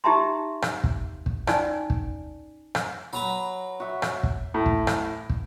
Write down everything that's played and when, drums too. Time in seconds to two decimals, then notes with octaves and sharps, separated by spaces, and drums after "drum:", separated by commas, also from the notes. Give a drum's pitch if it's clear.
0.04 D#4 G4 E5 A5 A#5 C6
0.62 drum: rim click
0.84 drum: kick
1.26 drum: kick
1.47 C#4 D#4 D5 G#5 A5, drum: rim click
1.90 drum: kick
2.75 drum: rim click
3.13 F#3 B4 A#5 B5
3.80 F#4 E5
4.02 drum: rim click
4.23 drum: kick
4.54 A2
4.66 drum: kick
4.87 drum: rim click
5.30 drum: kick